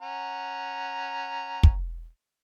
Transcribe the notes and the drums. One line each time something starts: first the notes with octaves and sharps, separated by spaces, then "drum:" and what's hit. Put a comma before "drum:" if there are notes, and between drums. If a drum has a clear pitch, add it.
C#4 F#5 A#5
drum: kick